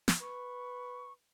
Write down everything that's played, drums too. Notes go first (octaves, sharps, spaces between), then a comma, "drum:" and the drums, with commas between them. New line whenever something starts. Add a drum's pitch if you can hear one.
drum: snare
B4 C#6